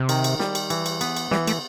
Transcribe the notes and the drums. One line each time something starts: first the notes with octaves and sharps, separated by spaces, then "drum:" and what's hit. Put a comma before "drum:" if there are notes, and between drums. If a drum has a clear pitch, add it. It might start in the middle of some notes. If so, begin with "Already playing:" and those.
Already playing: C3
D#3, drum: cymbal
drum: cymbal
G3, drum: snare
drum: cymbal
E3, drum: cymbal
drum: cymbal
B3, drum: cymbal
drum: cymbal
E3 G3, drum: snare
A3, drum: cymbal